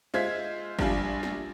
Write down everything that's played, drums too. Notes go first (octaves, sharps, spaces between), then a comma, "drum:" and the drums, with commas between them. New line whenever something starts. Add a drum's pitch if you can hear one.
G#3 F4 C5 E5 G#6 B6
A#1 G3 D4 F4 G#5, drum: kick
drum: snare